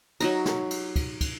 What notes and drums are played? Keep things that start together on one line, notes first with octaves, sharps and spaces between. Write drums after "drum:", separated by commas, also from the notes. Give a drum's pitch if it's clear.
F#3 D#4 A#5, drum: cymbal
drum: snare
drum: cymbal
drum: kick, cymbal
drum: kick, cymbal